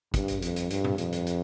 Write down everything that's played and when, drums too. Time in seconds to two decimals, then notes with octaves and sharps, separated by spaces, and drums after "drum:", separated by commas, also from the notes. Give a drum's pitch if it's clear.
0.14 G2, drum: kick, hi-hat
0.28 drum: hi-hat
0.42 F2, drum: hi-hat
0.56 drum: hi-hat
0.70 G2, drum: hi-hat
0.84 drum: tom A2
0.98 F2, drum: hi-hat
1.12 drum: hi-hat
1.27 drum: hi-hat